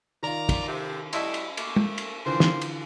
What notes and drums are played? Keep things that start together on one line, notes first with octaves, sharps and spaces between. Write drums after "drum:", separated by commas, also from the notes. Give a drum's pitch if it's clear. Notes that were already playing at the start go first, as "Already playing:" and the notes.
D#3 F4 D5 A#5
drum: kick, cymbal
C3
G3 A3 E4 D#5 A5 C6, drum: cymbal
drum: cymbal
A3 A#3, drum: cymbal
drum: tom
drum: cymbal
D3 E3 F3 G4 A#4 C5
drum: snare
drum: cymbal